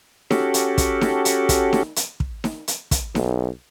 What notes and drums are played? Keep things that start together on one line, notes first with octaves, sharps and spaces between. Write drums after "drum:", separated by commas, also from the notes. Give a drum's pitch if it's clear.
C#4 F#4 G4 A4, drum: snare D#4
drum: hi-hat
drum: kick, hi-hat
drum: snare D#4
drum: hi-hat
drum: kick, hi-hat
drum: snare D#4
drum: hi-hat
drum: kick
drum: snare D#4
drum: hi-hat
drum: kick, hi-hat
B1, drum: snare D#4